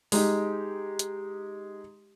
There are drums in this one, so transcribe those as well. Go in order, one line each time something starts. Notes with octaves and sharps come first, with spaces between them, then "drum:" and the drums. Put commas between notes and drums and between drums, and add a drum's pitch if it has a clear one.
G#3 D#4 G4, drum: open hi-hat
drum: hi-hat